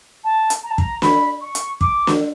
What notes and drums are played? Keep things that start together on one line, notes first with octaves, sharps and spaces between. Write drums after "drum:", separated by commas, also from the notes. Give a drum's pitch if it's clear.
A5
drum: hi-hat
A#5
A5
A#5, drum: kick
B5, drum: snare
C#6
drum: hi-hat
D6, drum: kick
drum: snare